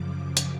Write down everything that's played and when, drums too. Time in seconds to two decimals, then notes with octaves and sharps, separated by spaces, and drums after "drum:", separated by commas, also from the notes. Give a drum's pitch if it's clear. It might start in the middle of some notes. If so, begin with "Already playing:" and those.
Already playing: F#2 C#3 F3 D6
0.37 drum: hi-hat